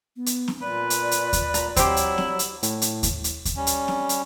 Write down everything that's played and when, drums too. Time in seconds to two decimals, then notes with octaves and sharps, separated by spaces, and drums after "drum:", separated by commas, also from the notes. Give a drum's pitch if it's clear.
0.16 B3
0.26 drum: hi-hat
0.48 drum: snare C4
0.62 A#2 B4 D5
0.90 drum: hi-hat
1.11 drum: hi-hat
1.33 drum: kick D#2, hi-hat
1.54 A#2 A#5, drum: hi-hat
1.76 F#3 C4 E4 G4, drum: kick D#2, hi-hat
1.97 drum: hi-hat
2.18 drum: snare C4
2.39 drum: hi-hat
2.63 A2, drum: hi-hat
2.82 drum: hi-hat
3.03 drum: kick D#2, hi-hat
3.24 drum: hi-hat
3.45 drum: kick D#2, hi-hat
3.56 G3 C#4
3.67 drum: hi-hat
3.88 drum: snare C4
4.09 drum: hi-hat